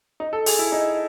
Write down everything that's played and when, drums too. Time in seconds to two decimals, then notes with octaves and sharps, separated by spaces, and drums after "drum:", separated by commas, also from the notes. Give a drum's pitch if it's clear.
0.20 D#4
0.33 A4
0.46 G#4, drum: open hi-hat
0.59 E4
0.72 D#4